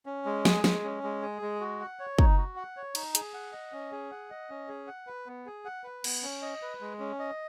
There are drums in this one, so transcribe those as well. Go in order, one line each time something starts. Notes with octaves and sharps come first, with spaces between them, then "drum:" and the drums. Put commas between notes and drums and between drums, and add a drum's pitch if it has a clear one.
C#4
G#3
G#4, drum: snare
G#3, drum: snare
C#4
G#3
G#4
G#3
F#4
F#5
C#5
D#4, drum: kick
F#4
F#5
C#5
D#4, drum: cymbal
G#4, drum: hi-hat
F#5
D#5
C#4
G#4
F#5
D#5
C#4
G#4
F#5
B4
B3
G#4
F#5
B4
B3, drum: cymbal
C#4
D#5
B4
G#3
C#4
D#5